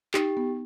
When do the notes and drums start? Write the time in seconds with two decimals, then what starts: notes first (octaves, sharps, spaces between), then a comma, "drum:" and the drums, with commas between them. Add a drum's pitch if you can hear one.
0.14 D#4 G4, drum: clap
0.37 B3